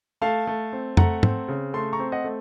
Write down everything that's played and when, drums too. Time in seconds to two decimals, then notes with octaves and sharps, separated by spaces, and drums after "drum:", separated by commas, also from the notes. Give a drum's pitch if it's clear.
0.22 A3 F5 A5
0.47 A3
0.73 C4
0.97 A3 F#5 A#5, drum: tom F2
1.23 C4, drum: tom
1.48 C#3
1.74 A3 A5 C6
1.93 A#5 C#6
1.99 C4
2.12 D#5 F#5
2.24 A3